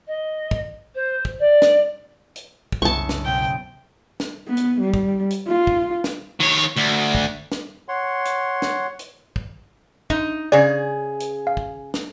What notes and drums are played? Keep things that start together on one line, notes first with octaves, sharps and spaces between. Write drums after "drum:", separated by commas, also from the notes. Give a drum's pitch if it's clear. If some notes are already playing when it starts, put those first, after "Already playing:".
D#5
drum: kick
C5
drum: kick
D5
drum: snare
drum: hi-hat
drum: kick
F#1 C2 C#3 A5 C#6 E6
drum: snare
B2 A3 C4 G5
drum: snare
B3
drum: hi-hat
G3
drum: kick
drum: hi-hat
F4
drum: kick
drum: snare
D#3 C#5
D2, drum: hi-hat
drum: kick
drum: snare
C#5 F#5 C6
drum: hi-hat
drum: snare
drum: hi-hat
drum: kick
D#4, drum: kick
C#3 G#4 D5
drum: hi-hat
F5
drum: kick
drum: snare